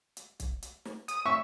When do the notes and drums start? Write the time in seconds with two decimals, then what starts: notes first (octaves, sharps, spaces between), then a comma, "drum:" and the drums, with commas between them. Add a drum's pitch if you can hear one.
0.17 drum: hi-hat
0.40 drum: kick, hi-hat
0.63 drum: hi-hat
0.85 drum: snare
1.08 D#6, drum: hi-hat
1.26 E5 C#6